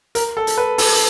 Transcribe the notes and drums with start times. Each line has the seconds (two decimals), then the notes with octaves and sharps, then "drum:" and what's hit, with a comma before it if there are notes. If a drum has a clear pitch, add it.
0.15 A#4, drum: hi-hat
0.37 A4
0.47 drum: hi-hat
0.58 B4
0.78 A4, drum: open hi-hat
0.94 drum: hi-hat